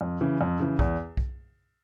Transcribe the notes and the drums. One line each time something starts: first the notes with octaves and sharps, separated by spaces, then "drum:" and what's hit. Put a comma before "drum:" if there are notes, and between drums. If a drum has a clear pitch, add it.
F2
C#3 E3
F2
C#3 E3
E2, drum: kick B1
drum: kick B1